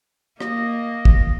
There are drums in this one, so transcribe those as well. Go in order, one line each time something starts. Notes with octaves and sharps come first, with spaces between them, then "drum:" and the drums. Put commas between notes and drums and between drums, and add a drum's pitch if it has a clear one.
A#3 D#5, drum: rim click
drum: kick